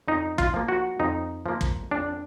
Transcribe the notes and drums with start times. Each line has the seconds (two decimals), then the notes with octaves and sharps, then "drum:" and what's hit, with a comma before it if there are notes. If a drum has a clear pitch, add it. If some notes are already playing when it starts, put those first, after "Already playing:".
0.08 F2 D#4
0.38 F4, drum: kick
0.54 F3 A#3
0.68 F#4
1.00 F2 D#4
1.46 F3 A#3
1.61 drum: kick
1.91 F2 D4